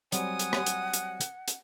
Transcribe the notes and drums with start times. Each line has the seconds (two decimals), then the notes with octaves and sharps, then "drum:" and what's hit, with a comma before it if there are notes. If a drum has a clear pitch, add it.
0.12 F#3 G3 C4 F#5 G#5 D#6, drum: hi-hat
0.39 drum: hi-hat
0.53 drum: rim click
0.66 drum: hi-hat
0.93 drum: hi-hat
1.21 drum: hi-hat
1.48 drum: hi-hat